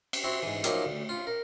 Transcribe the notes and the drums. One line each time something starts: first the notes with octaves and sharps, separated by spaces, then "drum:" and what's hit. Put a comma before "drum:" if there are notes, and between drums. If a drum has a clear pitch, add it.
drum: cymbal
C4 E4 F#4
G#2 E3
F3 F#3 A#3 D#4 E4 G4, drum: hi-hat
D2
F4
A#4